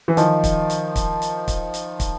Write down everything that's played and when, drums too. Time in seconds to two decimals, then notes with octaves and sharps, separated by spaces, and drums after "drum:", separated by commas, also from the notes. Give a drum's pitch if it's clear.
0.08 E3
0.17 D#3 F3, drum: hi-hat
0.44 drum: kick, hi-hat
0.70 drum: hi-hat
0.96 drum: kick, hi-hat
1.22 drum: hi-hat
1.48 drum: kick, hi-hat
1.74 drum: hi-hat
2.00 drum: kick, hi-hat